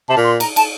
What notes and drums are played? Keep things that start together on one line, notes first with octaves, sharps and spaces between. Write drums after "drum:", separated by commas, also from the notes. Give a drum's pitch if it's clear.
C3 A5
A#2
C6
A#5, drum: cymbal
A5, drum: cymbal